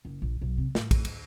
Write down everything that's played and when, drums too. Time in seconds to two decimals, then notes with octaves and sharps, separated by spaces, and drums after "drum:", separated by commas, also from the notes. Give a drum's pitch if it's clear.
0.05 F#1
0.22 A#1
0.41 B1
0.58 C3
0.75 A2, drum: snare
0.91 drum: kick, cymbal
1.05 D2, drum: cymbal